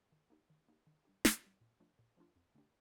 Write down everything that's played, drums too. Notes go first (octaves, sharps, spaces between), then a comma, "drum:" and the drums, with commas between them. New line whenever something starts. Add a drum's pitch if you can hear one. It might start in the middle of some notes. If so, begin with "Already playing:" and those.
D#3
A#3 D#4 G4
D#3
A#3 D#4 G4
D#3
G3 D4 G4
D#3, drum: snare
G3 D4 G4
A#2
F3 A3 D4 F4
A#2
F3 A3 D4 F4
F2
D3 A3 D4 G4